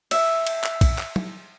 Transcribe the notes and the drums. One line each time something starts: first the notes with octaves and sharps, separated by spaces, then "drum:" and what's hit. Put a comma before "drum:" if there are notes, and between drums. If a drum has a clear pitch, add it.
E5, drum: cymbal
drum: cymbal
drum: clap
drum: kick, cymbal
drum: clap
drum: tom F#3